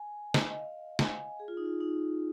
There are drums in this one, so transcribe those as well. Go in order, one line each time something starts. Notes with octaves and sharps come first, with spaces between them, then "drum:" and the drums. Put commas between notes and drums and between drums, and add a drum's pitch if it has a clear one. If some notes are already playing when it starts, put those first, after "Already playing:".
Already playing: G#5
drum: snare
D#5
F5
G#5, drum: snare
G#4
F4
D#4
F4
D#4